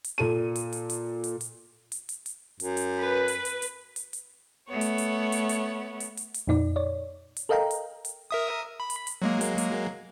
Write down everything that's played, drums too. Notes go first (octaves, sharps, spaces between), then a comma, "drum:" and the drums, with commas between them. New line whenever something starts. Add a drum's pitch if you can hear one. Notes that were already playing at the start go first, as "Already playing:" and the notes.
drum: hi-hat
A#2 A4 D#7
drum: hi-hat
drum: hi-hat
drum: hi-hat
drum: hi-hat
drum: hi-hat
drum: hi-hat
drum: hi-hat
drum: hi-hat
F#2, drum: hi-hat
drum: hi-hat
B4
drum: hi-hat
drum: hi-hat
drum: hi-hat
drum: hi-hat
drum: hi-hat
A3 B3 C#5
drum: hi-hat
drum: hi-hat
drum: hi-hat
drum: hi-hat
drum: hi-hat
drum: hi-hat
drum: hi-hat
F2 A#2 D#4 D5
C#5 D5
drum: hi-hat
A4 A#4 D#5 F5 G5 A#5
drum: hi-hat
drum: hi-hat
A#4 E5 D#6
B5
drum: hi-hat
drum: hi-hat
F#3 G#3 A#3
drum: hi-hat
drum: hi-hat